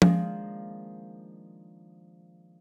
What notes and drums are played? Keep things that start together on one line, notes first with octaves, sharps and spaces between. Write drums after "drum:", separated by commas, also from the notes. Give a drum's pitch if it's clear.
D#3 F3 G#3 A#3 D4, drum: tom F3